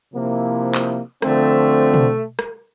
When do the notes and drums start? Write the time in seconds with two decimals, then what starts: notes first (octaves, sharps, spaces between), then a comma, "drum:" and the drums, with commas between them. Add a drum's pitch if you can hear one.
0.13 C3 F3 A#3 E4
0.74 drum: clap
1.22 D3 F3 A3 C4, drum: rim click
1.94 drum: tom B2
2.39 drum: rim click